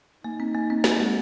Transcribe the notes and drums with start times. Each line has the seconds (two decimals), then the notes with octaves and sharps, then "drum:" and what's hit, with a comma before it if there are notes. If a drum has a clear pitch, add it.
0.24 A#3 D#4
0.40 C4
0.54 A#3
0.70 C4
0.84 A#3, drum: snare
1.00 G#3